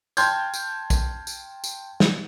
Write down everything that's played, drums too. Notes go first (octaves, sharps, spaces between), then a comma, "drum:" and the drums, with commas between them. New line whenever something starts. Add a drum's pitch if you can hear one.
G5 A5 C6 F6 G6 G#6, drum: tambourine
drum: tambourine
drum: kick, tambourine
drum: tambourine
drum: tambourine
drum: snare